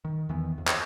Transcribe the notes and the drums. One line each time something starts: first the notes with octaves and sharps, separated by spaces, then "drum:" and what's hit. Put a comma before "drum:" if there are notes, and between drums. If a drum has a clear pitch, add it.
D#3
E2 D#3 E3 B3
F2
drum: clap